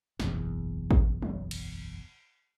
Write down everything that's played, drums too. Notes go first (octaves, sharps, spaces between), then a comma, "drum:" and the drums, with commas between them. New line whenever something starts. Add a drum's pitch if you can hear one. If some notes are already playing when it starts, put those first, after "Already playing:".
F#1 B1 E2, drum: snare
drum: kick A1
drum: tom F#3
drum: cymbal